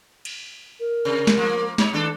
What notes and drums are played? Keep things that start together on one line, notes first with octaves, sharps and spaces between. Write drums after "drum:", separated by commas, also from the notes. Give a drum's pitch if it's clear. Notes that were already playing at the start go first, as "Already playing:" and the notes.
drum: cymbal
A#4
C3
drum: snare
F3 A#3
D#4 C#5, drum: snare
D#2 D4 A4